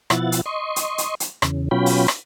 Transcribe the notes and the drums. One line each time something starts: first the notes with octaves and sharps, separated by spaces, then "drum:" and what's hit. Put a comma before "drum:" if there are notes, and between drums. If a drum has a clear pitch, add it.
B2 F3 E4 F#5 A6, drum: rim click
drum: hi-hat
D#5 C6 C#6
drum: hi-hat
drum: hi-hat
drum: hi-hat
E2 C#3, drum: rim click
B2 F#3 C#4 F4 G5 B5
drum: open hi-hat
drum: rim click